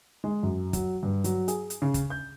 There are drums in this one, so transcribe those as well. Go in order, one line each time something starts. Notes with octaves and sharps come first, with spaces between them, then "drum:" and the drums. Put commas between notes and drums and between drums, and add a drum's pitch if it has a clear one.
G#3
F#2
F#3, drum: kick, hi-hat
G2
F#3, drum: hi-hat
G#4, drum: hi-hat
drum: hi-hat
C#3
drum: kick, hi-hat
G6